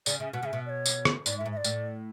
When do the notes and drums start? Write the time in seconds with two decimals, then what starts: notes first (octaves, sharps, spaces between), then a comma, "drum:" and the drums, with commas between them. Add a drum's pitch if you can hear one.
0.06 C#3 D5, drum: tambourine
0.20 C#3 E5
0.33 B2 F#5
0.43 C#3 E5
0.53 B2
0.66 D5
0.70 C#5
0.86 drum: tambourine
1.05 drum: rim click
1.26 G#2 D5, drum: tambourine
1.38 A2 E5
1.46 G#2
1.52 E5
1.57 D5
1.64 A2, drum: tambourine